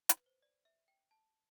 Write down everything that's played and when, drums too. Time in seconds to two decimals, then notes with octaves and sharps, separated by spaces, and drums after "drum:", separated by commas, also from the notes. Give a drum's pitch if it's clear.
0.09 B4, drum: hi-hat
0.26 C5
0.42 D5
0.65 E5
0.88 G5
1.11 A5